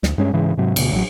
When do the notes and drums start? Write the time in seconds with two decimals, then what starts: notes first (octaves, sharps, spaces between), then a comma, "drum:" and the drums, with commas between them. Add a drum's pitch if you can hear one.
0.03 D2, drum: snare
0.18 G2 G#3 C#4
0.33 G#2 C#3 E3 G#3
0.57 G#2 C3 F#3
0.76 D2 B2, drum: cymbal
0.92 A1 F#3